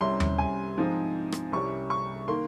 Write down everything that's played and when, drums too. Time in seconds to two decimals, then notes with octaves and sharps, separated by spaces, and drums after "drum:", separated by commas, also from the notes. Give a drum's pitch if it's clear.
0.01 C2 C3 G3 C#4 C6
0.20 drum: tom D#2
0.38 G#5
0.78 G#2 F3 C4 D#4
1.32 drum: rim click
1.52 C2 C3 G3 C#4 C#6
1.90 C#6
2.28 D#3 A#3 C6